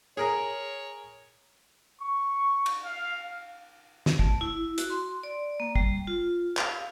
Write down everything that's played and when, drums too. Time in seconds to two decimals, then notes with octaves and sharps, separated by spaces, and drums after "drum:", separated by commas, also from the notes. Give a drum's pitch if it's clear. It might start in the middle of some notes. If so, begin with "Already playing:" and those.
0.17 G#4 A#4 C#5 A#5
2.01 C#6
2.66 drum: cymbal
2.86 F5
4.06 drum: snare
4.19 A3, drum: kick
4.41 E4
4.78 F#4, drum: hi-hat
4.90 C6
5.23 D5
5.60 A#3
5.76 G3, drum: kick
6.07 F4
6.57 F5, drum: clap